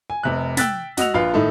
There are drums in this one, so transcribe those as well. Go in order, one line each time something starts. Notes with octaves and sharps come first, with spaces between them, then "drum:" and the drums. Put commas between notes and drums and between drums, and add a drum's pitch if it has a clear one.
G#5
F1 C3 F#6
G5 E6 F#6 A6 B6, drum: snare
F#4 D#5 F#5 E6 F7, drum: snare
A#1 F4 B4 F5
A2 D#3 D#4 E4 A4